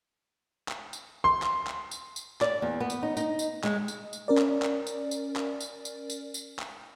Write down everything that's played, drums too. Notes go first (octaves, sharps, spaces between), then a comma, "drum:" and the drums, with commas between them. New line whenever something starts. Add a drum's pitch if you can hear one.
drum: clap
drum: tambourine
C6
drum: clap
drum: clap
drum: tambourine
drum: tambourine
D5, drum: clap
E2
B3
drum: tambourine
D#4
D#4, drum: tambourine
drum: tambourine
G#3, drum: clap
drum: tambourine
drum: tambourine
C#4 A#4 D5
drum: clap
drum: clap
drum: tambourine
drum: tambourine
drum: clap
drum: tambourine
drum: tambourine
drum: tambourine
drum: tambourine
drum: clap